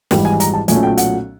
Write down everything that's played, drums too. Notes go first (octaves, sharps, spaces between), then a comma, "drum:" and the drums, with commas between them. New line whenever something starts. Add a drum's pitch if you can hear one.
G#1 G#2 E3 G3 G5, drum: snare
G#5
A#5, drum: hi-hat
A5
B1 A#2 F#3 A3 C#4 G#5, drum: hi-hat
G5
F#5, drum: hi-hat